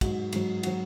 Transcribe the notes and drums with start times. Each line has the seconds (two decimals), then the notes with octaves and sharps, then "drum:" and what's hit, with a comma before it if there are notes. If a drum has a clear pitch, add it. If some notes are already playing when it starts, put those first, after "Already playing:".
0.01 G#2 F#3 F#4, drum: kick, cymbal
0.32 G#2 F#3, drum: cymbal
0.63 F#3 F#4, drum: cymbal